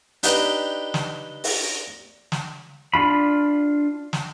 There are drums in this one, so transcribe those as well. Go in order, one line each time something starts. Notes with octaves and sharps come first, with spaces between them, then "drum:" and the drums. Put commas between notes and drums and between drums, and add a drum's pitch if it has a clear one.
D4 D#4 G4 B4 D#5 G5, drum: hi-hat
drum: snare
drum: open hi-hat
drum: snare
D4 F4 B5
drum: snare